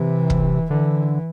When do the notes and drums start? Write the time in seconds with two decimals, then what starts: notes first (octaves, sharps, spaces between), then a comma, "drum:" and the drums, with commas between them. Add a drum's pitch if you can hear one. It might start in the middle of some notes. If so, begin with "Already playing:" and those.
Already playing: C3 E3
0.30 drum: kick
0.70 D3 E3